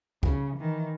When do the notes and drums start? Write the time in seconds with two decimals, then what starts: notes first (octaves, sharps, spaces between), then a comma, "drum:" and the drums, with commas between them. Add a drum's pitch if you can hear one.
0.23 C#3, drum: kick
0.56 D#3 E3